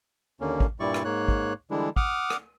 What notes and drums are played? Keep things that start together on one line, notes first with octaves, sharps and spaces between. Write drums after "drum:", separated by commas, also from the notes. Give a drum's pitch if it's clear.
D#2 D3 A#3 C#4
drum: kick
G2 A#2 G3 E4 D5 C#6
drum: rim click
G#2 A#3 C#5 F#6
drum: kick
D3 E3 G3 G#3 D4 E4
F#5 D6 D#6 F6, drum: kick
drum: rim click